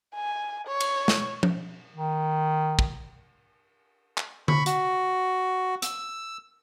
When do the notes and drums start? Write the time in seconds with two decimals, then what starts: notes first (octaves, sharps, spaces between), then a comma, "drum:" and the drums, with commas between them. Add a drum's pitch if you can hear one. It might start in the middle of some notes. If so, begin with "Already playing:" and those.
0.15 G#5
0.67 C#5
0.80 drum: cymbal
1.08 drum: snare
1.43 drum: tom F3
1.96 D#3
2.79 drum: kick
4.18 drum: clap
4.48 B5 C#6, drum: tom D3
4.66 F#4, drum: hi-hat
5.82 E6, drum: hi-hat